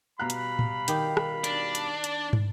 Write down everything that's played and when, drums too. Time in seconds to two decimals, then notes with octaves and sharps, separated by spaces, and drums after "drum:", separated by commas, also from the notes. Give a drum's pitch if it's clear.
0.19 B2 G3 F5 A#5 B5 F#6
0.30 drum: hi-hat
0.59 drum: tom A2
0.88 D#3 G4, drum: hi-hat
1.17 drum: rim click
1.44 D4, drum: hi-hat
1.75 drum: hi-hat
2.04 drum: hi-hat
2.33 drum: tom